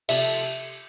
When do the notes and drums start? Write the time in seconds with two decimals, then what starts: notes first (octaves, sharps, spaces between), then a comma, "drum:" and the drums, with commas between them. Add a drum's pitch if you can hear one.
0.09 C3 F3 A3 E5, drum: cymbal